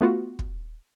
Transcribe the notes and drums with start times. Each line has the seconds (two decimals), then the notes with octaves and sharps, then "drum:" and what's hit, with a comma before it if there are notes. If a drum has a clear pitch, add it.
0.01 A3 B3 F4 F#4
0.39 drum: kick